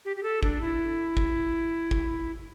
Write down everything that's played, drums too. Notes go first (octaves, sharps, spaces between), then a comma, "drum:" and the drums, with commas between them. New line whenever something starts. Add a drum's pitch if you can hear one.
G4
G4
A4
D4, drum: kick
E4
drum: kick
drum: kick